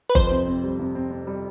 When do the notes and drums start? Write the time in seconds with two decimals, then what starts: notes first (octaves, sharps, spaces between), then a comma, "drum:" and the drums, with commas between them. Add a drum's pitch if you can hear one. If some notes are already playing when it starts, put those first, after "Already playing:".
0.09 B4
0.15 F2 C5, drum: kick F#1
0.31 C3
0.47 C4
0.63 G3
0.79 C3
0.95 C4
1.11 C4
1.27 G3